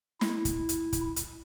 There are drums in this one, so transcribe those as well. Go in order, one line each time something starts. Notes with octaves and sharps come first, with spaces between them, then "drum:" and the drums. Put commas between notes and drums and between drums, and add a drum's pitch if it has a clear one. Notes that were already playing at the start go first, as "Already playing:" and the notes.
E4, drum: snare
drum: kick, hi-hat
drum: hi-hat
drum: kick, hi-hat
drum: hi-hat